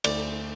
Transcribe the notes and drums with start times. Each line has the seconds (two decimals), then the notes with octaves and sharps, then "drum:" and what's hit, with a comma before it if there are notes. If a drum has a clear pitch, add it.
0.04 D2 D5, drum: cymbal